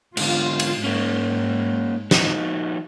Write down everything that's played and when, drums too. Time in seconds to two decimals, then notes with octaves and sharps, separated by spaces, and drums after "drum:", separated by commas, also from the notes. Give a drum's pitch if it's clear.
0.17 G#2 D3 F4, drum: cymbal
0.60 drum: cymbal
0.84 G#2 A#3 C#4
2.11 F3 D#4 F#4, drum: snare